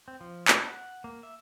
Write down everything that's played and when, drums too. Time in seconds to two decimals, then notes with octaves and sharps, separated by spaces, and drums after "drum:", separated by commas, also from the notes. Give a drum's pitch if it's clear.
0.08 C4
0.21 F3
0.48 B4, drum: clap
0.66 F#5
1.04 A#3
1.23 E5